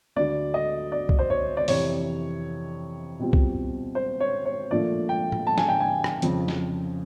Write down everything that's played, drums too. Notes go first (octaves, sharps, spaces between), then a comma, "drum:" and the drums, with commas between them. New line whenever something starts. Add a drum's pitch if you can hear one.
D2 D3 F#3 D5
D#5
D5
drum: kick
C5
C#5
D5
F2 C3 E3 C#5, drum: open hi-hat
B2 G3 C4 F4
drum: kick
C5
C#5
C#5
A#2 F3 A3 D4 F4 D5
G5
drum: tom A2
A5
G#5, drum: snare
G5
G#5
drum: rim click
F2 C#3 F3, drum: hi-hat
drum: snare